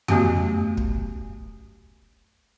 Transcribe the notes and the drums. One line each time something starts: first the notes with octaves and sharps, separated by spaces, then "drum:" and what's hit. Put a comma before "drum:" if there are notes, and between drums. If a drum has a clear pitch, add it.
F#3 A3 B3 C#4 F#4 G4, drum: tom F2
drum: kick